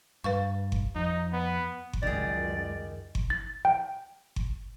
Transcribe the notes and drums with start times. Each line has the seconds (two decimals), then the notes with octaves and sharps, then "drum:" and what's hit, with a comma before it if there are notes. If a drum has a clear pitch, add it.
0.24 G2 B4 F5 C#6
0.72 drum: kick G1
0.95 F2 D#4
1.33 B3
1.93 drum: kick G1
2.02 C#2 F#2 D#3 G#4 D5
3.15 drum: kick G1
3.30 A6
3.65 G5
4.36 drum: kick G1